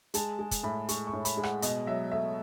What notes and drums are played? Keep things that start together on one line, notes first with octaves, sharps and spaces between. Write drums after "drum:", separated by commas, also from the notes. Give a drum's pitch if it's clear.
G#3 A5, drum: hi-hat
G#3
drum: kick, hi-hat
A2 B5
G#3 C#6, drum: hi-hat
C#6
A2
B5, drum: hi-hat
G#3
F#5, drum: rim click
B2 D#5, drum: hi-hat
F#3 E5
A3 E5